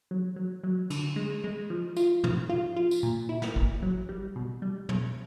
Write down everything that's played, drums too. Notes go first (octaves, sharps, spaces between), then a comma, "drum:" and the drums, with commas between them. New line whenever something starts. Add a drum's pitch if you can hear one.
F#3
F#3
F#3
D3, drum: cymbal
G#3
G#3
F3
F4, drum: tambourine
F3, drum: tom
F4
F4
drum: tambourine
A#2
E4
drum: snare
A#2, drum: kick
F#3
G3
B2
G3
B2, drum: tom